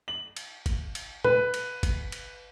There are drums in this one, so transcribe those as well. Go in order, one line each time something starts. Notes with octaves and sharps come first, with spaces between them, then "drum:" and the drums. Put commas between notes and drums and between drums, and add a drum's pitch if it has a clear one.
F#7
drum: cymbal
drum: kick G1, cymbal
drum: cymbal
B4, drum: tom A#2
drum: cymbal
drum: kick G1, cymbal
drum: cymbal